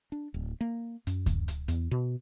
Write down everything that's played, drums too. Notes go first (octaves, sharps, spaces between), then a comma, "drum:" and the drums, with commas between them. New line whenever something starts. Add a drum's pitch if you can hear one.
D4
D1
A#3
F#2, drum: hi-hat
drum: kick D2, hi-hat
drum: hi-hat
E2, drum: hi-hat
B2